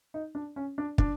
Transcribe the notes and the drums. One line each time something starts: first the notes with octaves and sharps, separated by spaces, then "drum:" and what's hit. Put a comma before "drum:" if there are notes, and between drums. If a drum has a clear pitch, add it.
D#4
D4
C#4
D4
D4, drum: kick